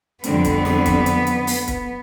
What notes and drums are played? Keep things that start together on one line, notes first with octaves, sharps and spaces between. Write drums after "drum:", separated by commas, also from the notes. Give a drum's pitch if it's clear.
F2 D3 G3 B3 C4, drum: hi-hat
drum: kick, hi-hat
drum: snare
drum: kick, hi-hat
drum: hi-hat
drum: hi-hat
drum: open hi-hat
drum: kick, hi-hat